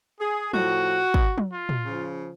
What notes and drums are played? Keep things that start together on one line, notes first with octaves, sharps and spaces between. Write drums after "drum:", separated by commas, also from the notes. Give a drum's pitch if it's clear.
G#4
A2 F3 F#4, drum: tom
drum: kick
drum: tom
F4
drum: tom
C#3 F3